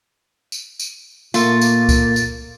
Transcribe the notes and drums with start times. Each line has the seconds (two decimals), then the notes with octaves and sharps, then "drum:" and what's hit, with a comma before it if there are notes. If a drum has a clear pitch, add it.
0.52 drum: tambourine
0.79 drum: tambourine
1.34 A#2 A3 A#3 F4 A6, drum: tambourine
1.61 drum: tambourine
1.89 drum: kick C#2, tambourine
2.16 drum: tambourine